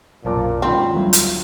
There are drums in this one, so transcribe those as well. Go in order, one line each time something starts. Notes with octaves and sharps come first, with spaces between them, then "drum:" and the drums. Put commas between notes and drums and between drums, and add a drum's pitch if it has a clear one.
B1 F#2 A#2 C5 A5 D6
G#2 D#3 C4 C#4 F4 B5
D2 F#3 G3
drum: hi-hat